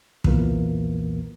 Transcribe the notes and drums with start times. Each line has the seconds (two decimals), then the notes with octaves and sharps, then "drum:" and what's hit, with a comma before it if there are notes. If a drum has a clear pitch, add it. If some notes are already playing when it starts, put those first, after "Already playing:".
0.24 B1 E2 A#2 E3 A#3 A#4, drum: kick